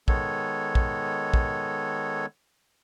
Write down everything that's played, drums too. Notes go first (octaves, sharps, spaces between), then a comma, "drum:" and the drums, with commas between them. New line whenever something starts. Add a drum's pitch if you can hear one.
D#3 G#3 B3 A4 C#5, drum: kick
drum: kick
drum: kick